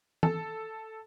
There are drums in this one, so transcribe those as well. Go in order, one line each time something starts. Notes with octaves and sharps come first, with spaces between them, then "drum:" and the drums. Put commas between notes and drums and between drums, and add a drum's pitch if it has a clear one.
A4, drum: tom E3